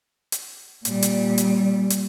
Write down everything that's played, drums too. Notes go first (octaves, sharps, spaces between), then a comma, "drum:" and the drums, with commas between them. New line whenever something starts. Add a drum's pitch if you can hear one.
drum: hi-hat
A#2 G3, drum: hi-hat
drum: hi-hat
drum: hi-hat
drum: hi-hat